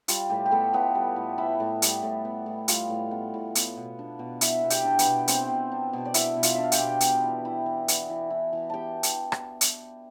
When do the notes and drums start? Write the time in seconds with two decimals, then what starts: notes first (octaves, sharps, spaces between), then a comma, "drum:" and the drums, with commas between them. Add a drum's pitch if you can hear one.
0.08 G3 F4, drum: hi-hat
0.30 A2 G3 G4
0.46 G4
0.51 A3 B3 A4
0.73 A2 B3 B4
0.95 G3
1.16 A2
1.38 B3 E4 E5
1.60 A2
1.82 G3, drum: hi-hat
2.03 A2
2.25 B3
2.46 A2
2.68 G3 F4 F5, drum: hi-hat
2.90 A2
3.11 B3
3.34 A2
3.55 B3, drum: hi-hat
3.77 B2
3.99 D4
4.19 B2
4.41 B3 E4 E5, drum: hi-hat
4.64 B2
4.70 G4 G5, drum: hi-hat
4.85 D4
4.99 B3 B4, drum: hi-hat
5.07 B2
5.28 B3 C4 C5, drum: hi-hat
5.49 B2
5.72 D4
5.93 B2
6.05 D5
6.14 B3 E4 E5, drum: hi-hat
6.36 B2
6.43 F4 F5, drum: hi-hat
6.54 D4 E5
6.64 F5
6.72 G4 G5, drum: hi-hat
6.80 B2
7.00 B3, drum: hi-hat
7.23 E3
7.45 E4
7.66 E3
7.88 B3, drum: hi-hat
8.10 E3
8.30 E4
8.53 E3
8.70 B3 G4 G5 A5
9.03 drum: hi-hat
9.32 drum: rim click
9.61 drum: hi-hat